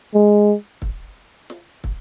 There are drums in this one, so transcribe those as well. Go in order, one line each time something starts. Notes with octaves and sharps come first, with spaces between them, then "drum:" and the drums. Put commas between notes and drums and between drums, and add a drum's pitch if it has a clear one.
G#3
drum: kick
drum: snare
drum: kick